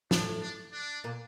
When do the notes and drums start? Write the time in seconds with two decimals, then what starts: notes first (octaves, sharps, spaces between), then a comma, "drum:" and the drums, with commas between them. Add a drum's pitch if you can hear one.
0.11 A2 A3 D4, drum: snare
0.42 D4
0.73 D4
1.04 A#2 A#3